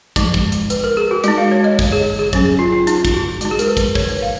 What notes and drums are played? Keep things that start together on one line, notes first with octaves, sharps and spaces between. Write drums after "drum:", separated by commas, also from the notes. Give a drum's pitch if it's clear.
F3 G#3 D#4, drum: kick, hi-hat
drum: kick
drum: hi-hat
B4, drum: hi-hat
A#4
G#4
F#4
G#3 D#4 F#4, drum: hi-hat
F5
C#5
D#5
C#5, drum: kick, open hi-hat
G#4
G#4
F#3 C#4, drum: kick, hi-hat
G#4
F4
F4
D#4, drum: hi-hat
drum: kick, hi-hat
F#4
G#3 D#4, drum: hi-hat
G#4
A#4, drum: hi-hat
B4
drum: kick, hi-hat
C#5, drum: kick, open hi-hat
B4
F5